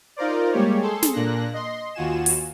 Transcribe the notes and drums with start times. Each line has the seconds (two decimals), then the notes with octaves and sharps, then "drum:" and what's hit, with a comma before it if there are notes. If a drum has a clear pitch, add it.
0.16 D#4 F4 A#4 C5 D5
0.53 G3 G#3 A#3 G4 C#5
0.81 G#4 A4 C6
1.03 drum: snare
1.13 A#2 A#3 D4 F#6 A#6
1.53 D#5 C6
1.94 D#2 F4 F#4 G#5 E7
2.26 drum: open hi-hat